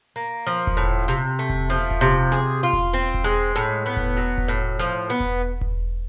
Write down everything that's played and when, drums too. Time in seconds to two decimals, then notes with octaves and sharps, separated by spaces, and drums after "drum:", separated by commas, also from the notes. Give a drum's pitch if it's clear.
0.16 A#3
0.47 F3
0.67 drum: kick E1
0.77 A2
1.08 C3, drum: snare
1.39 A3
1.50 drum: kick E1
1.70 F3
1.91 drum: kick E1
2.01 C3
2.32 G#4, drum: snare
2.63 F4
2.73 drum: kick E1
2.93 C4
3.14 drum: kick E1
3.24 G#3
3.56 A2, drum: snare
3.86 B3
3.97 drum: kick E1
4.17 F#3
4.38 drum: kick E1
4.48 A2
4.79 F3, drum: snare
5.10 B3
5.20 drum: kick E1
5.61 drum: kick E1